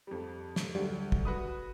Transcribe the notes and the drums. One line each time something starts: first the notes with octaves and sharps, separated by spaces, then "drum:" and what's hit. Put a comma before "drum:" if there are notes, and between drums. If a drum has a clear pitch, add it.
F2 G3
drum: snare
D2 F#3 G3
drum: kick
F#4 B4 D#6